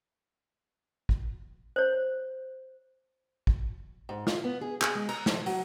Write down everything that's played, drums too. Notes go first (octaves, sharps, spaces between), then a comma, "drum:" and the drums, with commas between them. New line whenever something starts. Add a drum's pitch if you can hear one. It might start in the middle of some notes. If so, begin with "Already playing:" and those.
drum: kick
C5 C#5
drum: kick
G#2
F4, drum: snare
B3
G#4
G#4, drum: clap
G#3
A#5, drum: cymbal
F3, drum: snare
F#3, drum: open hi-hat